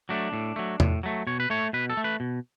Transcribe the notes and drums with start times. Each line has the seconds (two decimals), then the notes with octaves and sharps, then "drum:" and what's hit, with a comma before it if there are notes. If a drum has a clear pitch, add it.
0.09 F#3 A3 D4
0.33 A2
0.56 F#3 A3
0.80 A2, drum: tom E2
1.03 F#3 A3
1.27 B2 C#5
1.40 B4
1.50 A3 C#5
1.73 B2 B4
1.90 A4
1.97 A3
2.04 B4
2.20 B2